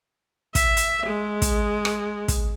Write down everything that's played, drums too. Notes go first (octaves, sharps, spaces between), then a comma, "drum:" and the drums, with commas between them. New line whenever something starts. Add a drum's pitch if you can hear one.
E5, drum: kick, hi-hat
drum: hi-hat
G#3
drum: kick, hi-hat
drum: rim click
drum: kick, hi-hat